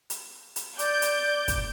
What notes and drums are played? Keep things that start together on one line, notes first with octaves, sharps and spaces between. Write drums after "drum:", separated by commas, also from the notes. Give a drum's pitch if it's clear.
drum: hi-hat
drum: hi-hat
D5 D6 G6, drum: hi-hat
drum: hi-hat
drum: kick, hi-hat